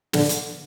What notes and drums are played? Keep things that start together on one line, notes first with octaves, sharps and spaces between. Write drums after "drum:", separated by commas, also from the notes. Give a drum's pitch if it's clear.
D3, drum: snare
drum: hi-hat